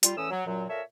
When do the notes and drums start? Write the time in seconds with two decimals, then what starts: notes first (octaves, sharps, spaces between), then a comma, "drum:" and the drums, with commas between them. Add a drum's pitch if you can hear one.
0.03 G3 F4, drum: hi-hat
0.17 E2 A2 E3 C#4 D#6 E6
0.31 F#3
0.46 F#2 A#2 F#3
0.69 A#2 A4 A#4 C#5 E5